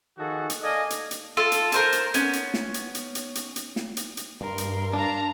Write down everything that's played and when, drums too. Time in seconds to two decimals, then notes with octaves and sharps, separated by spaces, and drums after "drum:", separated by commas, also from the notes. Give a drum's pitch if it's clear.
0.18 D#3 F3 F#4 G#4 A4
0.50 drum: hi-hat
0.62 A4 D5 D#5 F5 G#5
0.90 drum: hi-hat
1.11 drum: hi-hat
1.37 F4 A4
1.52 drum: hi-hat
1.72 A#4 C5 A5, drum: hi-hat
1.92 drum: hi-hat
2.14 B3 C#4, drum: hi-hat
2.33 drum: hi-hat
2.54 drum: snare
2.74 drum: hi-hat
2.95 drum: hi-hat
3.15 drum: hi-hat
3.35 drum: hi-hat
3.56 drum: hi-hat
3.76 drum: snare
3.97 drum: hi-hat
4.17 drum: hi-hat
4.41 G2 A#4 C6
4.58 drum: hi-hat
4.93 D4 F5 A5 A#5